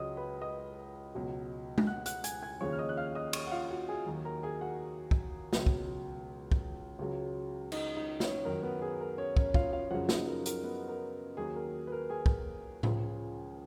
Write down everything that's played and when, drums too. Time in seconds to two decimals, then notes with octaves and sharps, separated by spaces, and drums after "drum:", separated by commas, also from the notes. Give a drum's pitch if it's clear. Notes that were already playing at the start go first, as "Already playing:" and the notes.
Already playing: C#2 C#3 F#3 C#5 D#5 D#6
0.17 B4 B5
0.41 D#5 D#6
1.15 C#2 B2 F#3
1.78 drum: tom G#3
1.87 F#5 F#6
2.06 F#5 F#6, drum: hi-hat
2.24 G#5 G#6, drum: hi-hat
2.43 G#5 G#6
2.61 D#2 C#3 F3 C#5 C#6
2.72 F6
2.79 D#5 D#6
2.89 F#6
2.97 F5 F6
3.15 D#5 D#6
3.33 C#5 C#6, drum: cymbal
3.47 F#5
3.51 F4 F5
3.70 F#4 F#5
3.89 G#4 G#5
4.06 D#2 D#3 F#3
4.25 A#4 A#5
4.43 G#4 G#5
4.61 F#4 F#5
5.11 drum: kick
5.53 C#2 B2 F#3, drum: snare
5.66 drum: kick
6.52 drum: kick
6.99 C#2 C#3 F#3
7.72 D#4 D#5, drum: cymbal
7.97 D#4 D#5
8.20 C#4 C#5, drum: snare
8.45 F#2 D#3 F#3 A#4
8.63 B3 B4
8.82 G#4
9.00 A#4
9.18 C#4 C#5
9.37 C#4 C#5, drum: kick
9.54 F4 F5, drum: kick
9.72 F4 F5
9.91 F#2 C#3 F3 F#4 F#5
10.09 D#4 D#5, drum: snare
10.28 A#4
10.46 A#4, drum: hi-hat
10.64 B3 B4
10.88 A#4
11.37 D#2 D#3 F#3 G#4
11.56 A#4
11.87 B4
11.92 A#4
12.10 G#4 G#5
12.26 drum: kick
12.83 C#2 C#3 F3, drum: tom A2